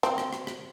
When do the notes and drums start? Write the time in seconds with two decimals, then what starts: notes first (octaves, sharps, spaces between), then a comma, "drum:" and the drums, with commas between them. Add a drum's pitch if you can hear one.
0.03 C4, drum: rim click
0.18 drum: rim click
0.33 drum: rim click
0.47 drum: rim click